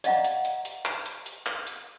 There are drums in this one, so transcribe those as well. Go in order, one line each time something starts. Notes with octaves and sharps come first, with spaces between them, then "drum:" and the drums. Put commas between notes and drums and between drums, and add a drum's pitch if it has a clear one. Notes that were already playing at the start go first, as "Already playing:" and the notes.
D5 D#5 F5 F#5 A#5, drum: hi-hat
drum: hi-hat
drum: hi-hat
drum: hi-hat
drum: clap
drum: hi-hat
drum: hi-hat
drum: clap
drum: hi-hat